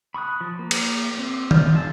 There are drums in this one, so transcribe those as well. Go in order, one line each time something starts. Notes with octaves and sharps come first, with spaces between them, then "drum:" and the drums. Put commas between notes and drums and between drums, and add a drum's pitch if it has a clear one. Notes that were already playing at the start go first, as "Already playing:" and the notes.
B5 C#6 D#6 F#6
F3
A#3
drum: cymbal
C4
F4 F6 G6, drum: tom D#3
D#3 F4 G#4 A5 E6